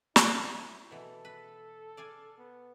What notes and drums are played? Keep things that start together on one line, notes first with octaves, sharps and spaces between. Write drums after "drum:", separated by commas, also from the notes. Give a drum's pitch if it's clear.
F#3 E4, drum: snare
G#5
B2 E3 A4
B4
D5 F5 G#5
B3